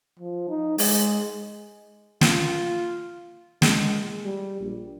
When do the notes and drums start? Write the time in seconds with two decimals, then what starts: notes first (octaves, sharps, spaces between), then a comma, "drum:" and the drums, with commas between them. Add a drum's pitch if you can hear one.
0.19 F3
0.49 D#4
0.78 G#3, drum: open hi-hat
2.21 F4, drum: snare
3.62 G#3, drum: snare
4.25 G3
4.61 A#1